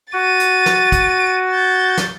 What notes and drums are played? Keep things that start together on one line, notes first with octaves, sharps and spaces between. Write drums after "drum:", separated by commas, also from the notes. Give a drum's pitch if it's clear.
F#4 A6 D#7
drum: hi-hat
drum: snare
drum: kick, hi-hat
G6 A6
drum: snare